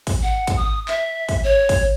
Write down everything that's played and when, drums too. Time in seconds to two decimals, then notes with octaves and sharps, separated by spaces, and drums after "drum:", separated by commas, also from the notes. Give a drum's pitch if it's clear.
0.07 drum: kick, open hi-hat
0.23 F#5
0.47 drum: kick, hi-hat
0.57 D#6
0.88 E5, drum: clap
1.29 drum: kick, open hi-hat
1.44 C#5
1.69 drum: kick, open hi-hat